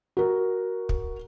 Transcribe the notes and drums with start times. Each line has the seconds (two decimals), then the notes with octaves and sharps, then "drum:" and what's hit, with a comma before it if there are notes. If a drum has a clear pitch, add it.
0.17 F#4 A#4
0.89 drum: kick